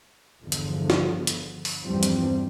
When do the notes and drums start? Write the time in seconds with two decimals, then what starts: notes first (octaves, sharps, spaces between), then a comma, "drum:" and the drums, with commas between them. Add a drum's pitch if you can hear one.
0.42 G1 E2 D3 F3
0.52 drum: hi-hat
0.90 drum: snare
1.27 drum: hi-hat
1.65 drum: open hi-hat
1.84 E2 G2 F3 G3 C4
2.03 drum: hi-hat